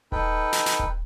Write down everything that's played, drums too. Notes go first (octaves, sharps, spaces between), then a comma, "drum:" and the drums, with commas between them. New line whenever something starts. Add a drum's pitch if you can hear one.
D#4 A4 B4 G5, drum: kick D#1
drum: snare
drum: snare
drum: kick D#1